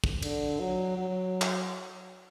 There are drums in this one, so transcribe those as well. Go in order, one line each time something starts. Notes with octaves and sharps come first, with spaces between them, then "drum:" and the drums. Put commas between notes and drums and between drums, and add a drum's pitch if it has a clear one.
drum: kick
D3, drum: cymbal
F#3
F#3
drum: clap